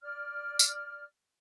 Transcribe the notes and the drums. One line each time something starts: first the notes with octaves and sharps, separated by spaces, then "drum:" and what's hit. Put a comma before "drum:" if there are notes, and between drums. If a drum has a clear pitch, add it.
D5 F6
drum: tambourine